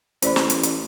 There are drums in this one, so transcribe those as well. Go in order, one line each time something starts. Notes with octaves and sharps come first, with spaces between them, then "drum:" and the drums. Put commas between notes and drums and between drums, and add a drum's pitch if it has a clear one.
A1 C5 D5 B5, drum: hi-hat
drum: snare
drum: hi-hat
drum: hi-hat